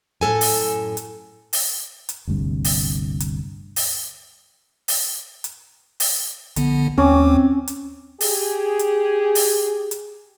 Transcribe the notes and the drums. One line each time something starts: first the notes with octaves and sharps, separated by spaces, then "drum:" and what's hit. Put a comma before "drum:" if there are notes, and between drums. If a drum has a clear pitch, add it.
F#2 A2 A4 G#5
drum: open hi-hat
drum: hi-hat
drum: open hi-hat
drum: hi-hat
G1 D2 G2 C3
drum: open hi-hat
drum: hi-hat
drum: open hi-hat
drum: open hi-hat
drum: hi-hat
drum: open hi-hat
A#1 D3 B3, drum: hi-hat
D#2 C4 C#4 D6
drum: hi-hat
G4 G#4, drum: open hi-hat
drum: hi-hat
drum: open hi-hat
drum: hi-hat